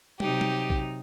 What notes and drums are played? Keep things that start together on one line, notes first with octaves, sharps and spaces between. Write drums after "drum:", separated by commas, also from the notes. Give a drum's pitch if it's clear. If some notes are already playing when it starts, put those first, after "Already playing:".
C3 F#3 D#4 G4, drum: tom
drum: tom
drum: kick A#1